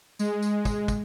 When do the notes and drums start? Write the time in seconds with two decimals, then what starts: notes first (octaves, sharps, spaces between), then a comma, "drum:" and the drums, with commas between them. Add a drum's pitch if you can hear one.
0.19 G#3, drum: tambourine
0.42 drum: tambourine
0.65 drum: kick, tambourine
0.88 drum: kick, tambourine